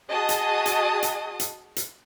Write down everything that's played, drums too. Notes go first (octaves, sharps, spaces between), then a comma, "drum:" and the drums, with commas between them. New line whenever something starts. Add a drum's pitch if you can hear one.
F#4 G#4 D#5 A5 D#6
drum: hi-hat
drum: hi-hat
drum: hi-hat
drum: hi-hat
drum: hi-hat